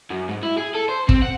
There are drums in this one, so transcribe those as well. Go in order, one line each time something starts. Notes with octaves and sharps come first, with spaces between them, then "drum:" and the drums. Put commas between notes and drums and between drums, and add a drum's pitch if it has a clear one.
F#2
G#2
E4
G#4
A4
C5
C4, drum: kick
F#5